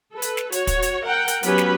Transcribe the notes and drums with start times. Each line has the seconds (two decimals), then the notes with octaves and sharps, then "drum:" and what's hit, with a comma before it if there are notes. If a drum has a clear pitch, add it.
0.13 A4 B4
0.22 drum: hi-hat
0.37 drum: snare
0.52 F#4 C#5, drum: hi-hat
0.67 drum: kick, hi-hat
0.82 drum: hi-hat
1.04 A#4 F#5 G5
1.28 drum: hi-hat
1.43 F#3 B3 C#4 G4 B4 B5, drum: hi-hat
1.58 drum: snare